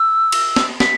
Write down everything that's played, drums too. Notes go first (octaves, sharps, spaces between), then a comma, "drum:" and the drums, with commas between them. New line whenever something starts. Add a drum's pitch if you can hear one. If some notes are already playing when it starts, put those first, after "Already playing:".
Already playing: E6
drum: cymbal
drum: snare
B6, drum: snare